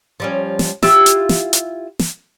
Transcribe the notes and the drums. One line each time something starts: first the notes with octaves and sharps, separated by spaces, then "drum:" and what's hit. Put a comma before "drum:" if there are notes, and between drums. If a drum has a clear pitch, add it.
F3 G3 C#4
drum: snare
E4 F4 G4, drum: snare
drum: hi-hat
drum: snare
drum: hi-hat
drum: snare